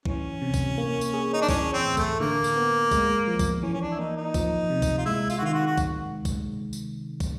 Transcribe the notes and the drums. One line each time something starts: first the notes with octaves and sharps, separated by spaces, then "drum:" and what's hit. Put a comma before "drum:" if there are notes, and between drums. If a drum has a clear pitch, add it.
E3 C#4, drum: kick
C3
drum: kick, tambourine
A#3
drum: tambourine
G#4
D#4
D4
E3 C#4, drum: kick, tambourine
C4
A2
A3, drum: kick, tambourine
D3 A#3
drum: tambourine
B3
G#3, drum: kick, tambourine
F3
drum: kick, tambourine
E3 C#4
C#4
D4
E4
A#3 D#4
D#4
F3, drum: kick, tambourine
C3
drum: kick, tambourine
F4
G#3 E4
F4, drum: tambourine
F#4
D#3 F4
F#4
F#4
drum: kick, tambourine
drum: kick, tambourine
drum: tambourine
drum: kick, tambourine